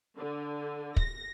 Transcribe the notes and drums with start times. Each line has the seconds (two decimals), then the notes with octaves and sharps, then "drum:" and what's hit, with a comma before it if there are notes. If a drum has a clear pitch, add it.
0.16 D3
0.96 A#6, drum: kick